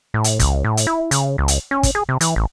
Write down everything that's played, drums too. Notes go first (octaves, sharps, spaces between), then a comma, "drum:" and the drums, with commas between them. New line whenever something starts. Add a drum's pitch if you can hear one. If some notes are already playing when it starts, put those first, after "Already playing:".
A2
drum: hi-hat
C#2, drum: kick, hi-hat
A2
drum: hi-hat
E4
C#3, drum: hi-hat
C#2
drum: hi-hat
C#4
drum: kick, hi-hat
G#4
C3
E3, drum: hi-hat
A1